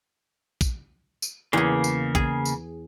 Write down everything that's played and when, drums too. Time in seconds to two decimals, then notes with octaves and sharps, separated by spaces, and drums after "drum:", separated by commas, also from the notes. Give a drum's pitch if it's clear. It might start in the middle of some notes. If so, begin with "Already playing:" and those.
0.61 drum: kick, tambourine
1.22 drum: tambourine
1.53 E2 C#3 A#3 G#4
1.84 drum: tambourine
2.15 G#4, drum: kick
2.45 drum: tambourine